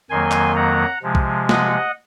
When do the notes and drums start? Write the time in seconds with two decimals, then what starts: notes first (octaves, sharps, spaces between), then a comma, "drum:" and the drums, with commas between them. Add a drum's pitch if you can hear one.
0.10 F2 D#3 F#3 A#3 G#5 C6
0.31 drum: clap
0.56 F#5 A#5
1.02 C3 F3 G#3
1.15 drum: kick B1
1.49 D#5 F#5, drum: snare